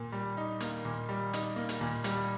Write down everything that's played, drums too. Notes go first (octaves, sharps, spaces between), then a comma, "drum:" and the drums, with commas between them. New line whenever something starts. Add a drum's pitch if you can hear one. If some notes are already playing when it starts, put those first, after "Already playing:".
Already playing: A#2
G3
D#4
A#3, drum: hi-hat
A#2
G3
D#4, drum: hi-hat
A#3
drum: hi-hat
A#2
G3, drum: hi-hat